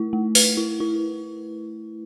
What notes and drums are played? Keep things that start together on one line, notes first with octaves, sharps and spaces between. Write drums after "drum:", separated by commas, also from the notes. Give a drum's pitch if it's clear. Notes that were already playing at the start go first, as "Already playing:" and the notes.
Already playing: A3 E4
A3
B4, drum: open hi-hat
E4
E4